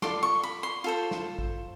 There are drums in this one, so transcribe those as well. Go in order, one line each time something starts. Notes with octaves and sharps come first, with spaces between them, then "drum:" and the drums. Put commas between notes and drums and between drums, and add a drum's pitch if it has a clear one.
F4 A4 D5 C6, drum: snare
C#6
B5
C6
F4 A4 C5
drum: snare
drum: kick G#1